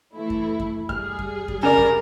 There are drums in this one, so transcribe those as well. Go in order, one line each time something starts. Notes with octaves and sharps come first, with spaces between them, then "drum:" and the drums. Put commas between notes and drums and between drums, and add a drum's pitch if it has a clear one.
E3 A3 E4
drum: kick F#2
drum: kick F#2
G3 G#4 F6, drum: kick F#2
drum: kick F#2
drum: kick F#2
C#3 A#4 D5 G#5
drum: kick F#2